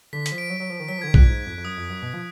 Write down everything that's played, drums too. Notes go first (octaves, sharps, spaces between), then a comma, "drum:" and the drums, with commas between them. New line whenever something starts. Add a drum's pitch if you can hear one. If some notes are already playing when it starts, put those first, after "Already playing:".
D3 B6
B6, drum: hi-hat
F3
D7
F#3
F#3
F3
D#3
F#3 B6
F3
D3 G#6
D#3
A#2 F#6, drum: kick B1
G#2
F2
F2
F#2 D#6
F2
F#2
B2
F3